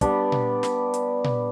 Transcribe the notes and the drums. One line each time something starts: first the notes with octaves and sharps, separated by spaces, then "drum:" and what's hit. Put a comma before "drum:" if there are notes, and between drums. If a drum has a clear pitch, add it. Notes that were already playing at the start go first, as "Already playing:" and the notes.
G3 B3 D4 G4, drum: kick, hi-hat
drum: tom A#2
drum: snare
drum: hi-hat
drum: tom A#2